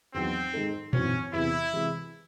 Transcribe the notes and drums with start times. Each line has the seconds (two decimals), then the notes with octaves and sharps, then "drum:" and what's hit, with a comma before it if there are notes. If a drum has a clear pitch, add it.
0.14 E2 D#3 F#3 C4
0.53 G#2 D#3 G#3 D#4 A4
0.93 G#1 F#2 E3 C4 C#4 F#4, drum: tom A#2
1.33 E2 C3 E3 E4
1.73 C3 E3 G#3